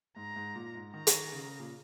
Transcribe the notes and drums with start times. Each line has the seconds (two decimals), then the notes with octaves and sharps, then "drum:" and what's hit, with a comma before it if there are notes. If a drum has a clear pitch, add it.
0.16 G#2 A#5
0.36 G#2
0.55 A#2
0.75 G#2
0.94 D#3 A#5
1.07 drum: hi-hat
1.33 C#3
1.60 A#2